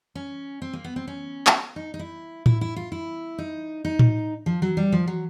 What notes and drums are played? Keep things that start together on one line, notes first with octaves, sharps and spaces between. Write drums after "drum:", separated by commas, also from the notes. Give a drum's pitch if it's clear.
C#4
C4
A#3
B3
C4
C#4
drum: clap
D#4
D#4
E4
E4, drum: tom A2
E4
F4
E4
D#4
D#4
drum: tom A2
F3
F#3
G3
F3
F#3